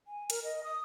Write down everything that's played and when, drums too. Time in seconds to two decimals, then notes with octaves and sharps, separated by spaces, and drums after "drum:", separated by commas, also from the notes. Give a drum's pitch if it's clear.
0.07 G#5
0.30 A#4, drum: hi-hat
0.44 D#5
0.64 D#6